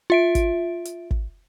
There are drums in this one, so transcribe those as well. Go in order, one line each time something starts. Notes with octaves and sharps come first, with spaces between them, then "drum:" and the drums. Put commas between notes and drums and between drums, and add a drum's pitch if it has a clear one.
F4 E5 D7
drum: kick, hi-hat
drum: hi-hat
drum: kick